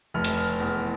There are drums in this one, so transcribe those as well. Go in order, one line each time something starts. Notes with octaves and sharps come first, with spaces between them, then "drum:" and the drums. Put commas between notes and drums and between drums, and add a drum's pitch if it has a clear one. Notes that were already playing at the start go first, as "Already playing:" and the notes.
F1 F6
drum: hi-hat
F6
E2